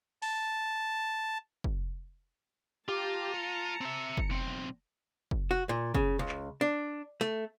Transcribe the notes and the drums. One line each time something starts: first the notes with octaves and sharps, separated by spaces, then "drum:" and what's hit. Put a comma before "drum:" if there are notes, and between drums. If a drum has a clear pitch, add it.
A5, drum: open hi-hat
drum: kick
F4 G4 A5 A#5
C#7
C4 E5
drum: kick
B1 C4
drum: kick
F#4
A#2
C#3, drum: kick
C#2
drum: clap
D4
A3, drum: hi-hat